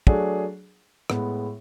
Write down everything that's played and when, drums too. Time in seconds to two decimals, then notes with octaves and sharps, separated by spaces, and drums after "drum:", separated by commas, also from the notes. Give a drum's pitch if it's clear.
0.07 F#3 A3 D4 G#4, drum: kick
1.10 A2 G#3 B3, drum: rim click